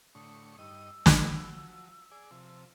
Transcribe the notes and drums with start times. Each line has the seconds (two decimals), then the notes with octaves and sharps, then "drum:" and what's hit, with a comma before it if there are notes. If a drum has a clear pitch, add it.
0.15 A2 D3 C#6 D#6
0.59 G2 D#4 D#5 E6
1.06 F3 F#3, drum: snare
2.11 G#4 D5
2.31 C3 F3